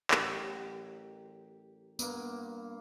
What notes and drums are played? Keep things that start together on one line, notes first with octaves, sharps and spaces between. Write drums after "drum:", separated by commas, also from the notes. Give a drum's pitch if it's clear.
A1 F#3 G4 A#4, drum: clap
G2 A#3 B3, drum: tambourine